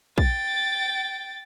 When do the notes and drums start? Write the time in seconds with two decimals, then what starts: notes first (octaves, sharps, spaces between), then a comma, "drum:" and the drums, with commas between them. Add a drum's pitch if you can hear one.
0.18 G5 A6, drum: kick